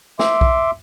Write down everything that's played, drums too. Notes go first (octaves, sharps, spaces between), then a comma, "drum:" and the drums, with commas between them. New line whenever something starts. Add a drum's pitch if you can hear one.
E5 C6 D6, drum: snare
drum: kick B1